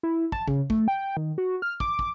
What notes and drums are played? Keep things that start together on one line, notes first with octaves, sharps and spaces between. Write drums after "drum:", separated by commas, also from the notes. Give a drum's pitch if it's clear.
E4
A5, drum: kick
C#3, drum: kick
A3, drum: kick
G5
D#3
F#4
F6
D6, drum: kick
drum: kick